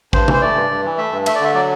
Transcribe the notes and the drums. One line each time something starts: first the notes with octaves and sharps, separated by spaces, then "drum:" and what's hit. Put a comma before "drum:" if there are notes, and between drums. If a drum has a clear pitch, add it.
G2 C5, drum: kick
E3, drum: tom C3
C5
A3 D5
G2
G2
E3
A3 E5
G2
A3 E5, drum: cymbal
D5
D3 E5
F#3 D5